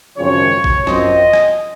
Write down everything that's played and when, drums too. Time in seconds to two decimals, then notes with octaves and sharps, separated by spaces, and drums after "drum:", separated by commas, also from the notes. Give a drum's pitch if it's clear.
0.17 G#1 F#2 C#3 F3 C4 C#5
0.64 drum: kick G#1
0.87 F#2 F3 C4 D#5, drum: rim click
1.33 drum: rim click